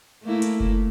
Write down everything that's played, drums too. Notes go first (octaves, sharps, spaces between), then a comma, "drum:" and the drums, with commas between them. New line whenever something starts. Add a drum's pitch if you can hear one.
A3 A#3 E4
drum: hi-hat
drum: kick F#1